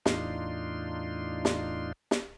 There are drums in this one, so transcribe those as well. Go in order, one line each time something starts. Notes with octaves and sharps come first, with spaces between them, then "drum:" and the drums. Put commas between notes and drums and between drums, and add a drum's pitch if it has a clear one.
E2 A2 D4 D#4 F4 C6, drum: snare
drum: snare
drum: snare